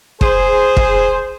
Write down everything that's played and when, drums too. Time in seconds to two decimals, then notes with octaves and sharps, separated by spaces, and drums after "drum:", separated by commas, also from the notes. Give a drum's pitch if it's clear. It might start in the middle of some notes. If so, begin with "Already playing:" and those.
0.21 G#4 C5, drum: kick
0.77 drum: kick